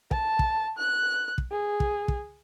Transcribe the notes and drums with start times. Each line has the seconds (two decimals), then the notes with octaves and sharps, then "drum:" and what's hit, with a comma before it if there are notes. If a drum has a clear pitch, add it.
0.11 A5, drum: kick
0.39 drum: kick
0.78 F#6
1.38 drum: kick
1.51 G#4
1.80 drum: kick
2.08 drum: kick